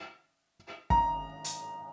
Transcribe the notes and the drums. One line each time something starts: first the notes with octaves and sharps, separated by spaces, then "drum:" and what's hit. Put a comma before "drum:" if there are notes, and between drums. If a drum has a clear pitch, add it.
A#5, drum: kick
drum: hi-hat